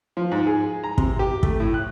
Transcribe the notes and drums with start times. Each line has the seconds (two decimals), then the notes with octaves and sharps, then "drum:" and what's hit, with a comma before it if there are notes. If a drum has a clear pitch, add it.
0.17 F3
0.32 G#2
0.47 G#4
0.84 A#5
0.98 C3, drum: kick
1.19 G4
1.43 A3, drum: kick
1.60 A2
1.74 F#6